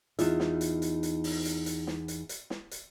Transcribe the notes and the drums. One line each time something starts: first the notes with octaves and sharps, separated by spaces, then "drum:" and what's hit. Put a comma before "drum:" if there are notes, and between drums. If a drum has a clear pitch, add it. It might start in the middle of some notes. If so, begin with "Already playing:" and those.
E2 D#4 F4 E5, drum: hi-hat
drum: snare
drum: hi-hat
drum: hi-hat
drum: hi-hat
drum: open hi-hat
drum: hi-hat
drum: hi-hat
drum: snare
drum: hi-hat
drum: hi-hat
drum: snare
drum: hi-hat